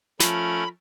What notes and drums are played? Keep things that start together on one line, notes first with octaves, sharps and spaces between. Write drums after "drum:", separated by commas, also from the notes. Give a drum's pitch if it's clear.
F3 A3 C#4 A#4 B5, drum: snare